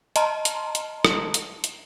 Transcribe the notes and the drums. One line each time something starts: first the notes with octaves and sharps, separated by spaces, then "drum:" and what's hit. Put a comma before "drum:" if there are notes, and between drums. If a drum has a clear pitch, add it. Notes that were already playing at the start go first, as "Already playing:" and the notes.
D#5 A5 A#5 C6 F6, drum: hi-hat
drum: hi-hat
drum: hi-hat
drum: rim click
drum: hi-hat
drum: hi-hat